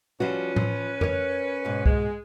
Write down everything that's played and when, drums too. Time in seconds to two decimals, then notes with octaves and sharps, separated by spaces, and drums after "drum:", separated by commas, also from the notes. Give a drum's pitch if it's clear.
0.20 F3 G3 C#4 F#4 B4
0.56 F3, drum: tom A2
1.01 A#4 C#5, drum: tom F2
1.65 G#2 B2
1.86 G#3, drum: kick C2